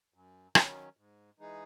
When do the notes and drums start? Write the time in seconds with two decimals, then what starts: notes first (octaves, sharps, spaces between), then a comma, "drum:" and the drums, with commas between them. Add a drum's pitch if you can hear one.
0.14 F#2
0.55 D#3 F#3 C#4, drum: rim click
0.97 G#2
1.39 E3 G#3 D#4 G#4